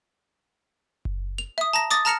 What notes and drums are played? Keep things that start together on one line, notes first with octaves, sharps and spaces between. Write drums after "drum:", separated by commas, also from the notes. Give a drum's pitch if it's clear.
drum: kick F#1
F7
E5 D#6
A5 A#5 A#6
D6 D#6 A6 A#6
A5 A#5 F6 A#6 C#7 F7